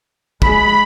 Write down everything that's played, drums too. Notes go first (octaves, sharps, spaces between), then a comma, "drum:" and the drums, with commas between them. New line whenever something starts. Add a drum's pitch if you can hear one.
G#3 B5, drum: kick